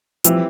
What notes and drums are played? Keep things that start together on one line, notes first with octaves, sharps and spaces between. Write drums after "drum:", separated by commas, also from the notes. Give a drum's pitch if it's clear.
E3 F3 G3 C4 E4 G4, drum: hi-hat